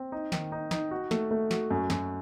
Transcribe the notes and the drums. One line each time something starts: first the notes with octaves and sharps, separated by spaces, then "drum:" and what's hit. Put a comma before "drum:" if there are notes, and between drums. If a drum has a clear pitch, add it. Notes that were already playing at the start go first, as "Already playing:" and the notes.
Already playing: C4
D#4
D#3, drum: snare
D#4
D#4, drum: snare
F#4
A3, drum: snare
A3
F#4, drum: snare
F#2
F#2, drum: snare